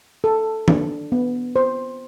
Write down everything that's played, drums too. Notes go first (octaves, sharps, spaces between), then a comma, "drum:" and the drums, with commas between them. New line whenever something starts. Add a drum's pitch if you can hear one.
A4
D4, drum: tom D#3
B3
C5